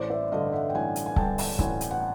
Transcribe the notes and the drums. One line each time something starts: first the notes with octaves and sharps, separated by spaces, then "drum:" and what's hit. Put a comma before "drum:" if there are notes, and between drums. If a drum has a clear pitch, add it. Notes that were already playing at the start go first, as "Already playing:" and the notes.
Already playing: A1 C5 D5
D5 E5
G2 D3 D#5 F5
E5 F#5
G5
A1 F#5 G#5
drum: hi-hat
G#5
G2 D3 G5 A5, drum: kick C#1
drum: open hi-hat
A1 F#5 G#5, drum: kick C#1
drum: hi-hat
F#5